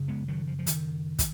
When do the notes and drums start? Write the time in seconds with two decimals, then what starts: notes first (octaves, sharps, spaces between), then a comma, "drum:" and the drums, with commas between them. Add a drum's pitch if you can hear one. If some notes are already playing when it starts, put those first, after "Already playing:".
Already playing: F#2 C#3
0.08 G#3 B3
0.28 D#3 F#3
0.47 F3
0.59 F3
0.67 D#3, drum: hi-hat
1.19 drum: kick, hi-hat